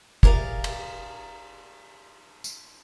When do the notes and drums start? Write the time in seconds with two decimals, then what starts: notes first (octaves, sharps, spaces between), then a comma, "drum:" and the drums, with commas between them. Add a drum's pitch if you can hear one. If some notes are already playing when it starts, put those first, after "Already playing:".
0.23 G4 G#4 A#4 D5 F5, drum: kick
0.64 drum: cymbal
2.44 drum: tambourine